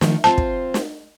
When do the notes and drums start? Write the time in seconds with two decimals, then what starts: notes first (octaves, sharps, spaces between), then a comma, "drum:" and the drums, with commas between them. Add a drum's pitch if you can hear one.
0.01 D#3 F3 A3, drum: snare
0.24 C4 F4 C5 A5
0.38 drum: kick
0.74 drum: snare